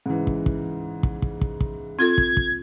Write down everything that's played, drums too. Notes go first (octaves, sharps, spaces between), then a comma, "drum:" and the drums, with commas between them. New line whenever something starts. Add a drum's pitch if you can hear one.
G#2 C#3 E3
drum: kick
drum: kick
drum: kick
drum: kick
drum: kick
drum: kick
C4 F4 A4 G#6
drum: kick
drum: kick